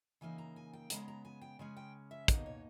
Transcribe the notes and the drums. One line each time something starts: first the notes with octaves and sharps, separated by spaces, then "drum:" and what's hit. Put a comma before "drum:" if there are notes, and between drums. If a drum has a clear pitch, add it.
C#3 E3 A#3 D#4 G#5
A#5
G#5
G5
C#3 G#3 B3 A#5, drum: hi-hat
A#5
G#5
G5
C#3 G#3 C#4 G#5
G5
E5
B2 A#3 D#4 D#5, drum: kick, hi-hat
C#5